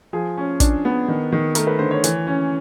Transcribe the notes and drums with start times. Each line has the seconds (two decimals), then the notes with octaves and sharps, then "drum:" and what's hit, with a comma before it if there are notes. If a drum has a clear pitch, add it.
0.13 F3 G#4
0.38 C#4
0.60 D4, drum: kick, hi-hat
0.85 B3
1.08 D#3
1.32 D#3
1.55 A3 A#4, drum: hi-hat
1.67 B4
1.79 D3 C5
1.91 C#5
2.04 E3, drum: hi-hat
2.27 C#4